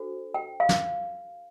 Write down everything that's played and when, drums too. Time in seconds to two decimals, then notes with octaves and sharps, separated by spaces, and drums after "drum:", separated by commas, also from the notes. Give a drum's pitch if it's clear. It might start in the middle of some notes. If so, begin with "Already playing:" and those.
Already playing: D4 F#4 A4 C5
0.34 G5
0.60 F5
0.69 drum: snare